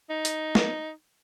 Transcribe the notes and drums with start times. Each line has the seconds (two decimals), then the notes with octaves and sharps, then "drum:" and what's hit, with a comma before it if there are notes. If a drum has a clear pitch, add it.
0.10 D#4
0.25 drum: hi-hat
0.55 drum: snare